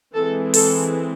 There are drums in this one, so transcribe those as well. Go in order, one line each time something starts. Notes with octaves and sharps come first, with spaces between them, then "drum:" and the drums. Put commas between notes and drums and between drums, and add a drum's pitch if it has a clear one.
E3 G#3 C4 A4
A4, drum: open hi-hat